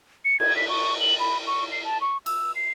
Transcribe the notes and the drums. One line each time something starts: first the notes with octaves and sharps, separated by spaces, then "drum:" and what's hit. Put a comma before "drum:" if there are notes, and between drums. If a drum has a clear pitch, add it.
C#7
G#6, drum: cymbal
B6
C#6
F#7
B5
C#6
C7
A5
C#6
E6, drum: cymbal
C7